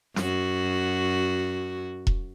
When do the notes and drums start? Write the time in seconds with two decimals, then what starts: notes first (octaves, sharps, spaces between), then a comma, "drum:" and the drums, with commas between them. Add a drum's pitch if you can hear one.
0.16 F#2 F#4, drum: snare
2.07 drum: kick E1